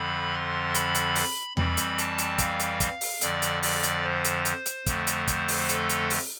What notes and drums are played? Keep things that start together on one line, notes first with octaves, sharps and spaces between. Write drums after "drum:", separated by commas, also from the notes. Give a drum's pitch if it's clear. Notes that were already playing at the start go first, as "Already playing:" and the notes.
Already playing: F2 D3 F3 B5
C6
B5, drum: hi-hat
drum: hi-hat
drum: open hi-hat
F2 E3 G3 C4 B5, drum: tom E2
drum: hi-hat
A5, drum: hi-hat
drum: hi-hat
F5, drum: kick, hi-hat
drum: hi-hat
drum: kick, hi-hat
drum: open hi-hat
F2 D3 F3 D5, drum: hi-hat
drum: hi-hat
D5, drum: open hi-hat
drum: hi-hat
C5
drum: hi-hat
drum: hi-hat
drum: hi-hat
F2 D3 F3 A3, drum: kick, hi-hat
drum: hi-hat
drum: kick, hi-hat
drum: open hi-hat
A4, drum: hi-hat
drum: hi-hat
drum: open hi-hat